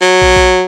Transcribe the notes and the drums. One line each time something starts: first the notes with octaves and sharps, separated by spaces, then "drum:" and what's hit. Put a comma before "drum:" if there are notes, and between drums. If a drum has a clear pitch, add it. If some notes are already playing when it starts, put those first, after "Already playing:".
F#3
drum: kick
drum: kick